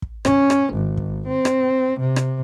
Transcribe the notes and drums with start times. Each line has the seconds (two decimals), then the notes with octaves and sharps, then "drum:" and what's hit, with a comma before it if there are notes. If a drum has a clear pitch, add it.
0.02 drum: kick
0.25 C#4, drum: rim click
0.50 drum: rim click
0.74 G#1
0.97 drum: kick
1.27 C4
1.45 drum: rim click
2.00 C3
2.16 drum: rim click